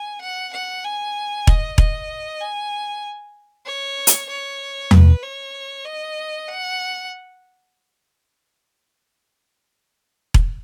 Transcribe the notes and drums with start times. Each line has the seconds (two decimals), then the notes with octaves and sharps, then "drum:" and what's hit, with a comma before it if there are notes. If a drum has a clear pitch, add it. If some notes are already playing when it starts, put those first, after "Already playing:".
Already playing: G#5
0.21 F#5
0.53 F#5
0.84 G#5
1.47 D#5, drum: kick E1
1.78 D#5, drum: kick E1
2.40 G#5
3.66 C#5
4.07 drum: hi-hat
4.29 C#5
4.91 B4, drum: tom E2
5.23 C#5
5.85 D#5
6.49 F#5
10.34 drum: kick E1